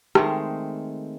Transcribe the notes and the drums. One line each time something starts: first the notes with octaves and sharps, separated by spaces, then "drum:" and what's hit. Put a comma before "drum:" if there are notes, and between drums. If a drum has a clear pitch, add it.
D#3 G#3 A3 C4, drum: rim click